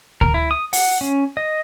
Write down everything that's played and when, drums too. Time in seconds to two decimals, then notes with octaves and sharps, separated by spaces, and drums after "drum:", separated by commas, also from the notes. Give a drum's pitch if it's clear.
0.21 A#4, drum: kick D2
0.34 E4
0.51 D#6
0.73 F#5, drum: open hi-hat
1.01 C#4
1.37 D#5